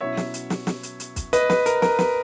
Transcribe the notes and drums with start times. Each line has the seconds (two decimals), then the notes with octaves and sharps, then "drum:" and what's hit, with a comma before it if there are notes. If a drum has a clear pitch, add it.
0.01 B2 F#3 C#4 E4 C#5 E5
0.17 drum: snare
0.34 drum: hi-hat
0.50 drum: snare
0.67 drum: snare
0.83 drum: hi-hat
1.00 drum: hi-hat
1.16 drum: kick, hi-hat
1.33 B4 D#5, drum: hi-hat
1.50 B4, drum: snare
1.66 A#4, drum: hi-hat
1.82 A#4, drum: snare
1.99 B4, drum: snare